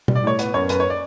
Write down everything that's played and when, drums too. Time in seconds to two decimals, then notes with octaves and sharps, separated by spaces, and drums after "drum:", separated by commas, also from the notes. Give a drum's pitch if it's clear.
0.08 G3, drum: tom B2
0.15 D5
0.23 A2 C#5
0.39 B3 B4, drum: hi-hat
0.54 F#2 C#5
0.69 F#2 B4, drum: hi-hat
0.80 C#5
0.90 D5